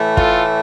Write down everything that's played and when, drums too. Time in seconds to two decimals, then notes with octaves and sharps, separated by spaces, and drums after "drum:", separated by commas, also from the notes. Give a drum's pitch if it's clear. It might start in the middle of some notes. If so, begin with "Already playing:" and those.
Already playing: A2 E3 A3
0.17 F4 A4, drum: kick